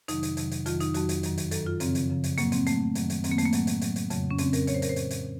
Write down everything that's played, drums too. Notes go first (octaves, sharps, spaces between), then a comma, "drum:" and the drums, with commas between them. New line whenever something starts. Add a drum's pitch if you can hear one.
F2 C3 D#3 F#3 D#4, drum: hi-hat
drum: hi-hat
F2 C3 D#3 F#3, drum: hi-hat
drum: hi-hat
F2 D#3 F#3 F4, drum: hi-hat
D#4, drum: hi-hat
F2 D#3 F#3 F#4, drum: hi-hat
drum: hi-hat
F#2 D#3 F#3, drum: hi-hat
drum: hi-hat
F#2 D#3 F#3 A4, drum: hi-hat
F4
F#2 C#3 F3 C4, drum: hi-hat
drum: hi-hat
F#2 C#3 F3
drum: hi-hat
A2 F#3 A#3, drum: hi-hat
C4, drum: hi-hat
A2 F#3 A3, drum: hi-hat
F#2 D#3 F#3, drum: hi-hat
drum: hi-hat
F#2 D#3 F#3 C4, drum: hi-hat
A#3
A3, drum: hi-hat
A#3
A2 F#3, drum: hi-hat
drum: hi-hat
A2 F#3, drum: hi-hat
drum: hi-hat
F2 C#3 F#3, drum: hi-hat
C#4
F2 C#3 F#3 C4, drum: hi-hat
A#4, drum: hi-hat
A2 F#3 C#5, drum: hi-hat
C5
A#4, drum: hi-hat
C5
A2 F#3, drum: hi-hat
drum: hi-hat